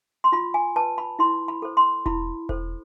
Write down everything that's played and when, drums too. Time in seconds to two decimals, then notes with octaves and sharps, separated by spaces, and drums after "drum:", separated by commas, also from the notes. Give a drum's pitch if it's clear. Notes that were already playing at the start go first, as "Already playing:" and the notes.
0.24 C6
0.32 F4 B5
0.54 G#5
0.76 B4 A5
0.98 B5
1.19 E4 C6
1.48 B5
1.62 A4 C5
1.77 C6
2.06 E4 B5, drum: kick E1
2.49 A4 C5, drum: kick E1